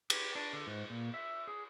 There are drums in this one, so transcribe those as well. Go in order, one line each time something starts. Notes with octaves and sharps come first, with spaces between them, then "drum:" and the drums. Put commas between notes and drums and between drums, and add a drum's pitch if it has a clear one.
G4, drum: cymbal
D4
D3
G#2
A#2
E5
G#4